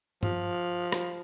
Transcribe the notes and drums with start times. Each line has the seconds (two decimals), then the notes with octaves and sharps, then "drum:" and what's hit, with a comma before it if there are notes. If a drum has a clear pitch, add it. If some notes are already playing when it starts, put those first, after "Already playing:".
0.23 F3, drum: tom G2
0.92 drum: rim click